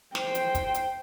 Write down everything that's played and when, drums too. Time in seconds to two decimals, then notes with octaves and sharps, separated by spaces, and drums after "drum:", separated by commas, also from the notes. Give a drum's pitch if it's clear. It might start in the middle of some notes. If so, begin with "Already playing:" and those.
0.15 C5 G5, drum: snare
0.35 drum: hi-hat
0.55 drum: kick, hi-hat
0.74 drum: hi-hat